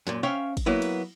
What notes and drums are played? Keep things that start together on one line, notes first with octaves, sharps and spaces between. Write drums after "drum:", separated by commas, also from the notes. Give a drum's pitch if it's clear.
F#2 A#2, drum: snare
C#4 C5 C#5 E5 F5 G5
drum: kick, cymbal
F#3 A#3 B3 E4
drum: cymbal